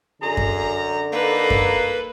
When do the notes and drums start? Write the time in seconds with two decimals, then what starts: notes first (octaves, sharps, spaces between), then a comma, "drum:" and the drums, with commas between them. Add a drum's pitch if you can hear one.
0.22 F#2 D3 G#4 A#5
0.37 drum: kick F#2
1.13 A#3 D#4 A4 B4
1.50 drum: kick F#2